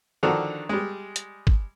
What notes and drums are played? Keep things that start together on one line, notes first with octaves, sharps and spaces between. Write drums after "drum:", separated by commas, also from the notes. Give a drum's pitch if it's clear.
D3 D#3 F3 D4 F#4
G3 G#3
drum: hi-hat
drum: kick